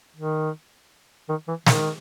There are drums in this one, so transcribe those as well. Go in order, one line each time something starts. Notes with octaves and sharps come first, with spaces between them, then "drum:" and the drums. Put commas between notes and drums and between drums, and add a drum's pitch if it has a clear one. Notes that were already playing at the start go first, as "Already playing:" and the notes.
D#3
D#3
E3
D#3, drum: snare